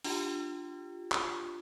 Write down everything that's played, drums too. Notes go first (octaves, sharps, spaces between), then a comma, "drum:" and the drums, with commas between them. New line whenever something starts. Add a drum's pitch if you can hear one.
D4 F4 G4, drum: open hi-hat
drum: clap